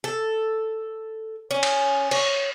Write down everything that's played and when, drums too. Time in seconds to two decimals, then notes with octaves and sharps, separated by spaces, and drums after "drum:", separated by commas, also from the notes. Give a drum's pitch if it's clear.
0.04 A4
1.51 C#4
1.63 drum: cymbal
2.11 C#5, drum: cymbal